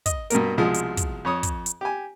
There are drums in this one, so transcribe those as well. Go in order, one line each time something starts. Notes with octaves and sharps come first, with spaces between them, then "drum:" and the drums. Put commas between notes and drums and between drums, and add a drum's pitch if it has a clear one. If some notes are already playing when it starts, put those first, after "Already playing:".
D#5, drum: kick, hi-hat
G2 B2 A#3 A#4, drum: hi-hat
C2 B2 F3 G#3 D#6 F6
drum: hi-hat
drum: kick, hi-hat
F2 C#5 D#6
drum: kick, hi-hat
drum: hi-hat
G4 G#5